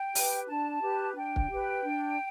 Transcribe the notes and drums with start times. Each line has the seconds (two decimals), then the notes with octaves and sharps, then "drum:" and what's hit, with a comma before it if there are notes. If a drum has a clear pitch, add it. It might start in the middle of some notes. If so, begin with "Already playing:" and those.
Already playing: G5
0.15 G4 B4, drum: open hi-hat
0.48 D4 A5
0.82 G4 B4
1.15 D4 G5
1.36 drum: kick
1.50 G4 B4
1.84 D4